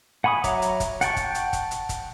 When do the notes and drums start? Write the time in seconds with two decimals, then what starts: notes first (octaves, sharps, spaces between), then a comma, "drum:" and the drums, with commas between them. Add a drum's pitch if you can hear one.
0.24 F#5 G#5 B5 C#6 D#6
0.44 F#3 C#5 E5 A#5 D6, drum: kick, hi-hat
0.62 drum: hi-hat
0.80 drum: kick, hi-hat
1.01 F#5 G5 A5 C#6, drum: hi-hat
1.16 drum: kick, hi-hat
1.35 drum: hi-hat
1.53 drum: kick, hi-hat
1.71 drum: hi-hat
1.89 drum: kick, hi-hat